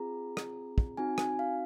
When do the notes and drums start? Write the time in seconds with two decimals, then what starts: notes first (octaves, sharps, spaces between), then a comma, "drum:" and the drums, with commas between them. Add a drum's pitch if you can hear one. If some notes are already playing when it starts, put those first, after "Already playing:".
Already playing: C4 F4 G#4 A#5
0.37 drum: rim click
0.78 drum: kick
0.97 C4 D#4 F#4 G#5
1.18 G#5, drum: rim click
1.39 F5